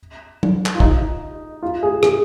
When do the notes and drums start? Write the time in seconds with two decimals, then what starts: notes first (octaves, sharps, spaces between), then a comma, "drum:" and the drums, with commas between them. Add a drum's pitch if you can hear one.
0.43 drum: tom F#3
0.66 drum: clap
0.75 F4
0.80 D#4, drum: kick
1.63 F4
1.83 G#4
2.03 G#4, drum: rim click